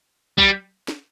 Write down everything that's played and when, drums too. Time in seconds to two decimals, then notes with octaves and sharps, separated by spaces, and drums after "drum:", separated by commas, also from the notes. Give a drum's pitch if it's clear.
0.38 G3, drum: kick
0.88 drum: snare